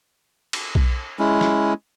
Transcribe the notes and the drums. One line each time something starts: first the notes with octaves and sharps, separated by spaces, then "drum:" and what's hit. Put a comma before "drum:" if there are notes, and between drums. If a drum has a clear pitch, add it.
drum: cymbal
drum: kick B1
G#3 C#4 E4
drum: snare